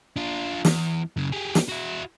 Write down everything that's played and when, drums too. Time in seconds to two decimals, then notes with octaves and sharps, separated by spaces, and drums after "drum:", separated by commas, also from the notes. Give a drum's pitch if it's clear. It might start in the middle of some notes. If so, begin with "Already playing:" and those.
0.16 D4 F4
0.65 E2, drum: snare
1.17 F#2 C#3
1.32 G4 G#4
1.55 drum: snare
1.68 E4 F#4